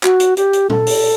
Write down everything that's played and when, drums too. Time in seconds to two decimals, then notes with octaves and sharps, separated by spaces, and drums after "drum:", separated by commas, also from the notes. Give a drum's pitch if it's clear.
0.03 F#4, drum: clap
0.20 drum: hi-hat
0.37 G4, drum: hi-hat
0.53 drum: hi-hat
0.70 A4, drum: tom
0.87 drum: open hi-hat